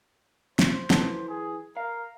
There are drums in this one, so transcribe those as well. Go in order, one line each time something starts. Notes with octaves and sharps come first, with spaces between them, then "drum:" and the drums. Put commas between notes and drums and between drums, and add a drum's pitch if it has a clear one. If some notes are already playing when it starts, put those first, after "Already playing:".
C5, drum: snare
E3 F#3 A4 A#5, drum: snare
G#4
A#4 F5